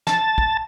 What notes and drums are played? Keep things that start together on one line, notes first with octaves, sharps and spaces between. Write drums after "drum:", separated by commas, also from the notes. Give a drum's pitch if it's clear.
A5, drum: snare
drum: kick